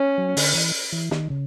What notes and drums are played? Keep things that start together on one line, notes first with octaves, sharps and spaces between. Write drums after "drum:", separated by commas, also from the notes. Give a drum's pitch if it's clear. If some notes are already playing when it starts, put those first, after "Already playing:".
Already playing: C#4
F#3
D3, drum: open hi-hat
E3
E3
D#3, drum: snare
C#3